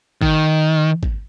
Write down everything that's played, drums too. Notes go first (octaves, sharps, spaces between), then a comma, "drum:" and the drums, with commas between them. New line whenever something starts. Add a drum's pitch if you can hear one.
D#3, drum: kick
drum: kick